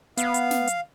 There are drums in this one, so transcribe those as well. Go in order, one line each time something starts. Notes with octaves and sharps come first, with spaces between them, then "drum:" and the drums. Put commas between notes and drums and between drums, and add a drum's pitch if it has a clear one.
B3 F5, drum: hi-hat
drum: hi-hat
drum: snare
drum: hi-hat